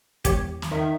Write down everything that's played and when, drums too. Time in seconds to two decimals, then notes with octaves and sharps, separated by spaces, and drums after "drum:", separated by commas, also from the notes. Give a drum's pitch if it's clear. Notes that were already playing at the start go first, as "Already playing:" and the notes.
0.25 E2 G4 C#5, drum: kick, hi-hat
0.62 drum: snare
0.71 D#3 D#4 E5